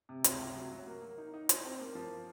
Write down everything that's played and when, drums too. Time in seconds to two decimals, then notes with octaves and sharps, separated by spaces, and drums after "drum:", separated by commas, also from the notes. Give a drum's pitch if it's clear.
0.09 C3
0.24 C#2, drum: hi-hat
0.40 C3
0.56 F#3
0.72 F#3
0.87 A#3
1.02 A#3
1.18 D#4
1.34 D#4
1.49 D#4, drum: hi-hat
1.64 C4
1.80 A#3
1.95 F3